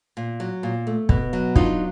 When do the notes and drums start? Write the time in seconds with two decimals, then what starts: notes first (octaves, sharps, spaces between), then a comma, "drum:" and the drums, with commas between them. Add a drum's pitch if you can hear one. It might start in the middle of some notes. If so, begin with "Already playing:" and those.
0.17 A#2
0.40 F#3
0.63 A#2
0.87 A3
1.09 B2, drum: kick
1.33 F#3
1.56 D4 D#4 F4, drum: kick